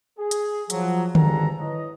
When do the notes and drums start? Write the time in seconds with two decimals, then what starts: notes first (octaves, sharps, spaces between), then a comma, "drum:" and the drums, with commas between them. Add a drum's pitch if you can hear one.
0.19 G#4
0.31 drum: hi-hat
0.70 F3 F#3, drum: hi-hat
1.15 G#1 G2 D4 G#4 A4 A#5, drum: tom D3
1.60 E4 B4 C#5 D#5